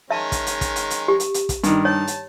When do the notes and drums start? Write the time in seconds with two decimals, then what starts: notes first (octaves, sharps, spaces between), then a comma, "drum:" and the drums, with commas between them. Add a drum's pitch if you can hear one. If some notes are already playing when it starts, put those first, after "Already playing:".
0.10 D#3 G#3 C#4 E5 A5
0.32 drum: kick, hi-hat
0.46 drum: hi-hat
0.61 drum: kick, hi-hat
0.76 drum: hi-hat
0.90 drum: hi-hat
1.08 G4
1.20 drum: hi-hat
1.34 drum: hi-hat
1.49 drum: kick, hi-hat
1.64 G2 D#3, drum: hi-hat
1.85 C#5 A5
2.07 drum: hi-hat